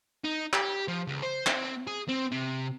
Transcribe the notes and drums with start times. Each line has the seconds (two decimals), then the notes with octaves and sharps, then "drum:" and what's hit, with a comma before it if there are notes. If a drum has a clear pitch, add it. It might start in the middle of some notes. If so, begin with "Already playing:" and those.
0.24 D#4
0.53 G4, drum: clap
0.88 F3
1.07 C#2
1.23 C5
1.46 C4, drum: clap
1.87 G#4
2.09 C4
2.32 C3